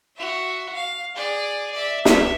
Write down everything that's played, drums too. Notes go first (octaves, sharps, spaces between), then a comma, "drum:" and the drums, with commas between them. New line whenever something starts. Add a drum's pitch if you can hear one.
F#4 E5
F5
G#4 D5
D5 E5
B3 E5, drum: snare